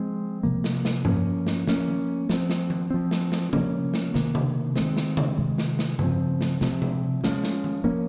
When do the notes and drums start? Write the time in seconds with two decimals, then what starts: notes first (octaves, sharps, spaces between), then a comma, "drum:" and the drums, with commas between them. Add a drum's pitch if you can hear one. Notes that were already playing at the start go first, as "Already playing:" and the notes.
Already playing: F3 G#3 C4
0.43 C3 F3 A#3
0.64 drum: snare
0.85 drum: snare
1.05 F3 A#3 C#4, drum: tom G2
1.47 drum: snare
1.67 F3 A#3 C#4, drum: snare
1.88 drum: tom D#3
2.29 F3 C4, drum: snare
2.50 drum: snare
2.70 drum: tom D#3
2.91 F3 C4
3.11 drum: snare
3.32 drum: snare
3.53 F3 A#3 C#4, drum: tom C3
3.94 drum: snare
4.14 C3 D#3 A#3, drum: snare
4.35 drum: tom C3
4.76 D#3 G#3 C4, drum: snare
4.97 drum: snare
5.17 drum: tom C3
5.38 C3 D#3 G#3
5.58 drum: snare
5.79 drum: snare
5.99 C#3 F3 C4, drum: tom G2
6.41 drum: snare
6.61 C3 F3 C4, drum: snare
6.82 drum: tom C3
7.24 F3 G#3 C#4, drum: snare
7.44 drum: snare
7.64 drum: tom D#3
7.84 F3 A#3 C#4